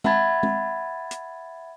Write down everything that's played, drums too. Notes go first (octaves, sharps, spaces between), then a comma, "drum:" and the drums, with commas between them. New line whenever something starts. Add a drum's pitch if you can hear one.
E5 F#5 A5 B5 G#6 A6, drum: tom G#3
drum: tom G#3
drum: hi-hat